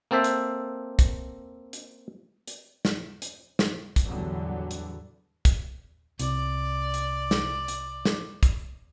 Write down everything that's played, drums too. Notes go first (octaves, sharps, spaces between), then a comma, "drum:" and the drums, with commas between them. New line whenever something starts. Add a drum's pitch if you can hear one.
A#3 C4 A4 C5 E5
drum: hi-hat
drum: kick, hi-hat
drum: hi-hat
drum: hi-hat
drum: snare
drum: hi-hat
drum: snare
drum: kick, hi-hat
E2 A2 D3 F#3 G3 B3
drum: hi-hat
drum: kick, hi-hat
C2 C3 D5, drum: hi-hat
drum: hi-hat
drum: snare
drum: hi-hat
drum: snare
drum: kick, hi-hat